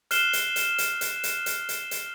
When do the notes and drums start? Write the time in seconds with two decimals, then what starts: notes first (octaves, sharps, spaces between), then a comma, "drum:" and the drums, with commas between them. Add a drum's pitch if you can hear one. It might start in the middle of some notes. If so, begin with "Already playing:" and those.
0.11 F6 F#6 C7 E7 G7, drum: hi-hat
0.33 drum: hi-hat
0.56 drum: hi-hat
0.78 drum: hi-hat
1.01 drum: hi-hat
1.24 drum: hi-hat
1.46 drum: hi-hat
1.69 drum: hi-hat
1.91 drum: hi-hat